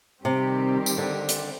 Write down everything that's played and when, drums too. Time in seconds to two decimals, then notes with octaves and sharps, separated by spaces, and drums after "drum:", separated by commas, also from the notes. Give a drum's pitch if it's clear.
0.25 C3 D#3 G3 C4 G4
0.86 drum: tambourine
0.98 D3
1.29 drum: hi-hat